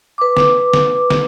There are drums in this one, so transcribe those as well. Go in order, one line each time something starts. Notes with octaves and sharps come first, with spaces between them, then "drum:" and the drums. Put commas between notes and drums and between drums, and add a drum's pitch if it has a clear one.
B4 D6
drum: snare
drum: snare
drum: snare